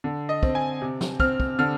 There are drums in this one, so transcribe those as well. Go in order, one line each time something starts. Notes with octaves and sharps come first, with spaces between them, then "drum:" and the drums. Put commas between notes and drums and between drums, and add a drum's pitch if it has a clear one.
D3
D#5
C4, drum: kick
G#5
C3
drum: snare
C4 F6, drum: kick
drum: kick
D3 F6